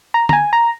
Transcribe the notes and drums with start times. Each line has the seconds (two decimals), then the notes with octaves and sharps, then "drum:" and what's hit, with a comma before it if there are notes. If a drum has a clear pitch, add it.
0.14 A#5
0.29 A#5, drum: tom
0.33 G#5
0.53 A#5